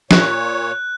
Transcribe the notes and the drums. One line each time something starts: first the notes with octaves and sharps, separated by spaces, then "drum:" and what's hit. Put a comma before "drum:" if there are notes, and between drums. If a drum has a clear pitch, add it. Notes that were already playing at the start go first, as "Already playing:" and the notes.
A#2 C#5 F#6, drum: snare